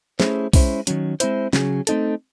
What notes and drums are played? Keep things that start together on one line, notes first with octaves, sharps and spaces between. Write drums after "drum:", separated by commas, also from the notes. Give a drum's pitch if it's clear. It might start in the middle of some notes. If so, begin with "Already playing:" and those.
A3 C#4 E4 G#4 C5, drum: snare
G#3 C#4 E4 C5, drum: kick, open hi-hat
D#3 F#3 C#4, drum: hi-hat
G#3 C4 E4 C5, drum: hi-hat
C#3 F#3 C#4 G#4, drum: snare
A3 C4 D#4 A4, drum: hi-hat